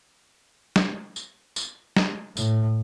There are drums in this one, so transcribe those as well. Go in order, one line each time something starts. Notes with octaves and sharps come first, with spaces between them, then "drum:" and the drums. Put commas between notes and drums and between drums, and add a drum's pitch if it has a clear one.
drum: snare
drum: tambourine
drum: tambourine
drum: snare
A2, drum: tambourine